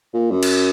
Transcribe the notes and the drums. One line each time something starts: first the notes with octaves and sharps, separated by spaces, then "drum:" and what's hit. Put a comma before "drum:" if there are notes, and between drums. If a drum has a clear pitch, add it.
A#2
F#2
drum: cymbal